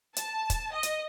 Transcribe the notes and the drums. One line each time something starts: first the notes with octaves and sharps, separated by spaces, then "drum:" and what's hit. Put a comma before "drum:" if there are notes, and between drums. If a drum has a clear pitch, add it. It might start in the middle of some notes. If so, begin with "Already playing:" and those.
A5, drum: hi-hat
drum: kick, hi-hat
D#5
drum: hi-hat